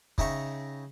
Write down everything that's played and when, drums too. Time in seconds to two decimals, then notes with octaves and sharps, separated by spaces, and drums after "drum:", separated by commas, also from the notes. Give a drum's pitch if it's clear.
0.18 C#3 D#4 E5 G5 A#5 C#6, drum: kick